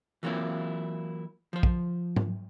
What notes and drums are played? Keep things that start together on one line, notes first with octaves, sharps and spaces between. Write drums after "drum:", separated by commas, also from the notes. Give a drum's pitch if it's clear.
E3 F#3 A#3 C4 E4 F4
F3 C5
drum: kick
drum: tom G#2